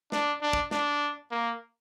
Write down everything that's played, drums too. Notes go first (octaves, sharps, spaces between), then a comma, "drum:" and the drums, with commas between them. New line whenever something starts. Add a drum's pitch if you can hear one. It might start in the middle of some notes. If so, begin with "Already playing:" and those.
D4, drum: snare
D4
drum: kick
D4, drum: snare
A#3